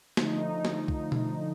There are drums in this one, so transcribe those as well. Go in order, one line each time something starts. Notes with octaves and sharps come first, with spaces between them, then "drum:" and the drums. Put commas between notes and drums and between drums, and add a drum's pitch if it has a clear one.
D3 F3 A3 D#4, drum: snare
D#4
drum: snare
drum: kick
drum: tom B2